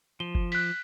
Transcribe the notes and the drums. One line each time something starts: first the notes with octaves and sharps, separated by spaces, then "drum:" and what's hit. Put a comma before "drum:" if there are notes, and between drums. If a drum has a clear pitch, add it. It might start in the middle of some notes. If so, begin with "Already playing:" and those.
F3 G7
drum: kick F#1
F#6 B6, drum: open hi-hat